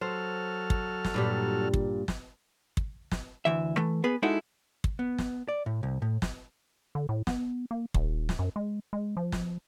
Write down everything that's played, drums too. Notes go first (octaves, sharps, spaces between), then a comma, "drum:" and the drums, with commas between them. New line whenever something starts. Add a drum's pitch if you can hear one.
F#3 A4 C5 F6
drum: kick
drum: snare
G2 A#2 G3
drum: kick
drum: snare
drum: kick
drum: snare
D2 E3 E5
E3 A3
B3 G#4 B4
G#3 D#4 E4 F#4 A4
drum: kick
B3
drum: snare
D5
A2
C2
A2
drum: snare
D3
A2
B3, drum: snare
A#3
D#1, drum: kick
drum: snare
F#2
G#3
G#3
F3
drum: snare